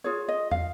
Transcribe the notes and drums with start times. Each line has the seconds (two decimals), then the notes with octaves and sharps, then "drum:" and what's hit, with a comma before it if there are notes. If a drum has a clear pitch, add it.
0.04 F4 G#4 C#5
0.28 D#5
0.51 F5, drum: tom